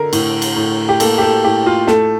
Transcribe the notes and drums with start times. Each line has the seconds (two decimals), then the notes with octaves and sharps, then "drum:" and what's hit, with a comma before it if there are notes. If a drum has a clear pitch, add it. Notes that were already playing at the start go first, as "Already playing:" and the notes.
Already playing: D3 A#4
0.13 A2, drum: cymbal
0.42 drum: cymbal
0.56 A2
0.89 G4
1.00 A#3 A4, drum: cymbal
1.18 G4
1.22 A4
1.44 A2 G4
1.66 F4
1.87 A3 A4, drum: snare